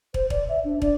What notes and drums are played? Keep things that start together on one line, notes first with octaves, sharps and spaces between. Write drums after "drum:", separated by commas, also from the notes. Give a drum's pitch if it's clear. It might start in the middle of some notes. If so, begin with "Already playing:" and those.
C5, drum: kick
D5, drum: kick
E5
D4
D5, drum: kick